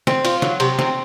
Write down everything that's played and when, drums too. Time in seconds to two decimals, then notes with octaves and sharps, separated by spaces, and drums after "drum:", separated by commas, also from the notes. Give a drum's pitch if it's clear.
0.07 C4, drum: snare
0.25 F4, drum: cymbal
0.42 F#3, drum: snare
0.60 C3, drum: cymbal
0.79 C4, drum: snare